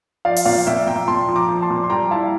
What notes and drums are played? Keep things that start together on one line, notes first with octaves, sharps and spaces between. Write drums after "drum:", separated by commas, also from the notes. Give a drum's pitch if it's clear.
F3 D5 F5
drum: open hi-hat
A#2 D5 F5
A#2 E5 G5
A#2 G5 A#5
A#2 A5 C6
F3
A#5 D6
F3
A5 C6
A#2
C6
G3 G5 A#5
E4 F5 A5